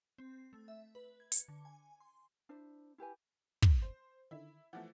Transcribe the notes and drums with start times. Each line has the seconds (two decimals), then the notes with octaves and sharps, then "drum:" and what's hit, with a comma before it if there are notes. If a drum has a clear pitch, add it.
0.18 C4
0.53 A3
0.68 E5
0.95 B4
1.20 G#6
1.32 C#7, drum: hi-hat
1.48 D3
1.65 G#5
2.00 C6
2.49 D4 E4 C5
2.98 E4 G4 B4 G#5
3.62 drum: kick
3.82 C5
4.31 D3 D#3 E4
4.73 E3 F3 A3 F#5